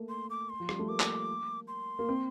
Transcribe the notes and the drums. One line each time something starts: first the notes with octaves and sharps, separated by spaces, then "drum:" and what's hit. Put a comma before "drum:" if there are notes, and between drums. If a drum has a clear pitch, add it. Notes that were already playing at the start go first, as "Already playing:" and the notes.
Already playing: A3 A#3
C6
D6
C6
F3
G3, drum: rim click
A3
A#3 D6
drum: clap
C6
A#3
C4